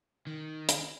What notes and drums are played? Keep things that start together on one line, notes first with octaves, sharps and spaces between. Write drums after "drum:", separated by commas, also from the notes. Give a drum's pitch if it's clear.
D#3
drum: hi-hat